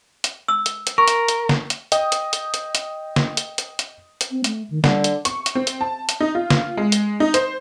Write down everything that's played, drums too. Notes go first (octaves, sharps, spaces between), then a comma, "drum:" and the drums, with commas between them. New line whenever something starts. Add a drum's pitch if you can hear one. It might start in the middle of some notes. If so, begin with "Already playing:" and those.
drum: hi-hat
E6
drum: hi-hat
drum: hi-hat
A#4 C#6
drum: hi-hat
drum: hi-hat
drum: snare
drum: hi-hat
D#5 G5 D#6, drum: hi-hat
drum: hi-hat
drum: hi-hat
drum: hi-hat
drum: hi-hat
drum: snare
drum: hi-hat
drum: hi-hat
drum: hi-hat
drum: hi-hat
C4
A3, drum: hi-hat
D#3
D3 G3, drum: snare
drum: hi-hat
C#6, drum: hi-hat
drum: hi-hat
C4
drum: hi-hat
A5
drum: hi-hat
D#4
F4
drum: snare
G#3
drum: hi-hat
D#4
C5, drum: hi-hat